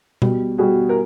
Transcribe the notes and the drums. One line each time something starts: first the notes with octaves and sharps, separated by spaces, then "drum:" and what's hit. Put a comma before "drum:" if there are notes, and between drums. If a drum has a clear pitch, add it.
B2 G3, drum: tom B2
B2 G3 F#4 G#4
A#4